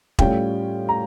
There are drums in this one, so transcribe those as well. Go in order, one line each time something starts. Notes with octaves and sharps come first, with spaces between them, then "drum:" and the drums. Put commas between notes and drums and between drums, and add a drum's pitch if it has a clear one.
A2 G3 C#4 F4 G5, drum: kick E1
A#5